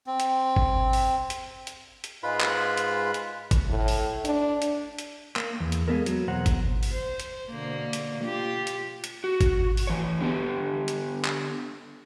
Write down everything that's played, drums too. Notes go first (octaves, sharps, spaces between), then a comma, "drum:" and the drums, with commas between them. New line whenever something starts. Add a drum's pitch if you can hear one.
C4
drum: hi-hat
drum: kick G1
drum: open hi-hat
drum: hi-hat
drum: hi-hat
drum: hi-hat
G#2 G#3 F4 B4 B5
drum: clap
drum: hi-hat
drum: hi-hat
drum: kick G1, hi-hat
A2
drum: open hi-hat
D4, drum: hi-hat
drum: hi-hat
drum: hi-hat
A#3, drum: clap
E2
drum: hi-hat
G#3 A#3 B3 C#4 A4 A#4
F#3, drum: hi-hat
E2 B2 C5 F#5 A#5
drum: kick G1, hi-hat
drum: open hi-hat
C5
drum: hi-hat
B2 D3 A#3
drum: hi-hat
F4 G4
drum: hi-hat
drum: hi-hat
F#4
drum: kick G1, hi-hat
drum: open hi-hat
E3 C#5
D3 B3 G4
drum: hi-hat
drum: clap